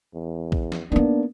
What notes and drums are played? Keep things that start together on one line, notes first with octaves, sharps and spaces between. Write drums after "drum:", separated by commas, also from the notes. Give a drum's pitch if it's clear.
E2
drum: kick
drum: snare
A#3 B3 D4 D#4